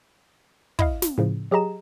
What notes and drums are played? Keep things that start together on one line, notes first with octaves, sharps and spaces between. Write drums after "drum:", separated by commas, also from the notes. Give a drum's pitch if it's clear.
E4 D#5 F5, drum: kick
drum: snare
A2 C#3 F3
F#3 G4 G#4 D#5 A#5 E7